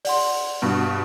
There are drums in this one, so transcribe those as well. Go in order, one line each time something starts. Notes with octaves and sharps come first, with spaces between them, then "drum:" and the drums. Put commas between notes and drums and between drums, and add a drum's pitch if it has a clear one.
D5 F#5 C6, drum: open hi-hat
G2 B2